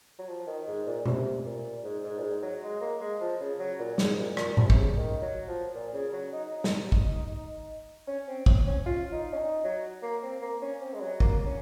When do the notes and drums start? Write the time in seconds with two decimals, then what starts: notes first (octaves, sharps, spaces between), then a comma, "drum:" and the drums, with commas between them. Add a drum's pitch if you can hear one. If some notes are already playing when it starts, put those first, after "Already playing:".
0.19 F#3
0.28 F3
0.47 D#3
0.67 G#2
0.86 A#2
1.06 C3, drum: tom B2
1.45 A#2
1.84 G#2
2.04 G#2
2.18 A#2
2.23 G#2
2.42 F#3
2.63 G#3
2.81 A#3
3.01 G#3
3.21 F3
3.40 C#3
3.59 F#3
3.79 A#2
3.98 G#2, drum: snare
4.18 A#2
4.37 A#2, drum: rim click
4.57 C3, drum: tom A2
4.70 C3, drum: kick
4.77 C#3
4.96 D#3
5.22 F#3
5.47 F3
5.74 A#2
5.93 C#3
6.12 F#3
6.32 D#4
6.52 D#4
6.64 drum: snare
6.92 drum: kick
8.07 C#4
8.28 C4
8.46 C4, drum: kick
8.67 C#4
8.86 F4
9.12 D#4
9.33 C#4
9.38 D#4
9.64 F#3
10.02 A#3
10.23 C4
10.42 A#3
10.62 C#4
10.81 C4
10.93 G#3
11.01 F#3
11.20 A#3, drum: kick
11.46 C#4